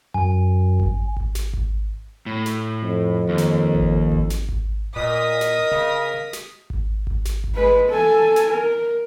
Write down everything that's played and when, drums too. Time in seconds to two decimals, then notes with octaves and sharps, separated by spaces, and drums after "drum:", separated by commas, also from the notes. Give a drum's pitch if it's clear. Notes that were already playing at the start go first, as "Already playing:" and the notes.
0.14 F#2 G#5
0.80 drum: kick G#1
1.17 drum: kick G#1
1.35 drum: snare
1.53 drum: kick G#1
2.26 A2
2.46 drum: snare
2.83 F2
3.29 D#2
3.38 drum: snare
3.75 drum: kick G#1
4.12 drum: kick G#1
4.30 drum: snare
4.49 drum: kick G#1
4.96 A#2 A#4 D#5 D#6 B6
5.41 drum: snare
5.72 C#3
6.33 drum: snare
6.70 drum: kick G#1
7.07 drum: kick G#1
7.25 drum: snare
7.44 drum: kick G#1
7.55 G#3 B4
7.90 A4 G#5
8.36 drum: snare
8.52 A#4